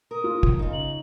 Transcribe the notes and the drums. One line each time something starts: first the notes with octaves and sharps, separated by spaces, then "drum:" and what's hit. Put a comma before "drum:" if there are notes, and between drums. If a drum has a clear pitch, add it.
A#4 D#6
F4
drum: kick
C#3 D#4
F#7